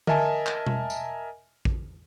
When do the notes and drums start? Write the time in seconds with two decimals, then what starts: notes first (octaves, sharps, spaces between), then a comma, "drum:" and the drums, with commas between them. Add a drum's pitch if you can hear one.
0.07 A#4 D#5 E5 G#5 A5, drum: tom D3
0.46 drum: clap
0.67 drum: tom B2
0.90 drum: tambourine
1.65 drum: kick